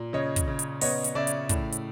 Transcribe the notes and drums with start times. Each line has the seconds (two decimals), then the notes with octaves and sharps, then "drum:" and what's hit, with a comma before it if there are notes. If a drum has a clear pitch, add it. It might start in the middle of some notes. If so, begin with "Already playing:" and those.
Already playing: A#2
0.13 C#3 C#5 D#5
0.36 drum: kick, hi-hat
0.48 C#3
0.59 drum: hi-hat
0.81 B3 C#5 D#5, drum: open hi-hat
1.04 drum: hi-hat
1.15 C#3 D5 E5
1.27 drum: hi-hat
1.49 A2, drum: kick, hi-hat
1.72 drum: hi-hat